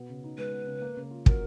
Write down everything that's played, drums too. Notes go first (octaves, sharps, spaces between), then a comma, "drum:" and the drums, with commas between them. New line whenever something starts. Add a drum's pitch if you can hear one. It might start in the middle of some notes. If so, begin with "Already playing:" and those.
Already playing: B2 B3
C#3
D#4
G#3 B4
B3
C#3
A#3
C#3
F4
F#3 A#4, drum: kick